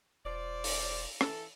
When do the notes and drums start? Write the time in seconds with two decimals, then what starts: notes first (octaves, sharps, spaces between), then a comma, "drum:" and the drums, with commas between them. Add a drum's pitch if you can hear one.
0.25 E1 F4 C5 D5
0.64 drum: open hi-hat
1.21 E3 A4, drum: rim click